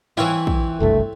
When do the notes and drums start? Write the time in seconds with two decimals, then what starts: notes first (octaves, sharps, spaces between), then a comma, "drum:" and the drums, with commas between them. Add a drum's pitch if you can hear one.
0.17 E3 C4 E4 F4 C#5
0.47 drum: kick
0.80 F#1 C2 G2 A3